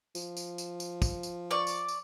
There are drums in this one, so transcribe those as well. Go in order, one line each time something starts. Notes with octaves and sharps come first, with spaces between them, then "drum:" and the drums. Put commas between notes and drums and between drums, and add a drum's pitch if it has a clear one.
F3, drum: tambourine
drum: tambourine
drum: tambourine
drum: tambourine
drum: kick, tambourine
drum: tambourine
D5 C#6
drum: tambourine
drum: tambourine